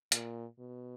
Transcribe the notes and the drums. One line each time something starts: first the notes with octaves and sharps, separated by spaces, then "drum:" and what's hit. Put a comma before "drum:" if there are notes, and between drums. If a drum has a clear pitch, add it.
A#2, drum: hi-hat
B2